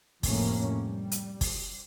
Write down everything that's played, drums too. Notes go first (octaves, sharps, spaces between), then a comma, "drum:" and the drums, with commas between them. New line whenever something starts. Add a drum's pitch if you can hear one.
F2 A2 C3 A3 A#3 C#4, drum: kick, open hi-hat
G3
drum: hi-hat
drum: kick, open hi-hat